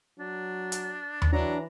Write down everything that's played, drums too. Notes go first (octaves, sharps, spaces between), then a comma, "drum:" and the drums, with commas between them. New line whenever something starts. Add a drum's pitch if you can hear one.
F#3 D4
drum: hi-hat
drum: tom D#2
E3 F#3 D4 A#5